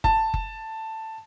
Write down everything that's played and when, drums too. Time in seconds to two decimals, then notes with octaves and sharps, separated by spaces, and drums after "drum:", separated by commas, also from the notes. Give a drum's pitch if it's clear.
0.04 A5, drum: kick F#1
0.34 drum: kick F#1